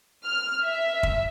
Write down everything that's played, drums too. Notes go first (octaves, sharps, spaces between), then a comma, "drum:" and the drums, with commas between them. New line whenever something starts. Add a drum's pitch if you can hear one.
F6
E5
drum: kick